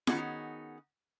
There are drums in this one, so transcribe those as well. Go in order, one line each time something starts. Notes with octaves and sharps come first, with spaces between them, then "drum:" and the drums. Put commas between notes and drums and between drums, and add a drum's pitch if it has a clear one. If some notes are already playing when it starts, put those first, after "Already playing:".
D#3 B3 C#4 D#4 F#4 G#4, drum: snare